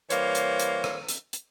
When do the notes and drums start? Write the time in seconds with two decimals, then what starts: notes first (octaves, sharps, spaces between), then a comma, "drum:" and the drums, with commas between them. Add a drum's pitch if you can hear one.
0.10 E3 G3 A#3 C5 C#5, drum: hi-hat
0.35 drum: hi-hat
0.59 drum: hi-hat
0.84 drum: rim click
1.09 drum: hi-hat
1.33 drum: hi-hat